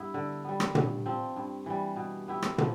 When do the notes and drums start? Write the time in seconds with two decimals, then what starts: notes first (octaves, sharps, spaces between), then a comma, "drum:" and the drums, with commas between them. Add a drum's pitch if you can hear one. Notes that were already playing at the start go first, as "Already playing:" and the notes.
Already playing: G2 B3 E4
0.14 D3
0.44 G3 B3
0.60 drum: rim click
0.75 G2, drum: tom
1.06 F3 C4
1.36 G2
1.66 E3 G3
1.96 B2
2.28 B3 E4 G4
2.42 drum: rim click
2.58 F3, drum: tom